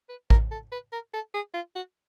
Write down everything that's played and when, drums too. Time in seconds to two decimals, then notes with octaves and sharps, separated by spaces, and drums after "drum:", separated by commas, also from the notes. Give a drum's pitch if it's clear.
0.09 B4
0.30 A#4, drum: kick A1
0.52 A4
0.72 B4
0.92 A#4
1.14 A4
1.34 G#4
1.54 F4
1.76 F#4